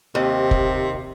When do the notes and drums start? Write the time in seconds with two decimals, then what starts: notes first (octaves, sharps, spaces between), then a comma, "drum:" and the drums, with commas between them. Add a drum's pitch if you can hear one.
0.15 D#2 C3
0.51 drum: kick F1